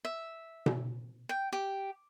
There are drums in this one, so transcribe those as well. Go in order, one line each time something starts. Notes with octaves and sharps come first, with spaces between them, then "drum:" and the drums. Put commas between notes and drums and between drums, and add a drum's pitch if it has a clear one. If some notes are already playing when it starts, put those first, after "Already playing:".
E5
drum: tom B2
G5
G4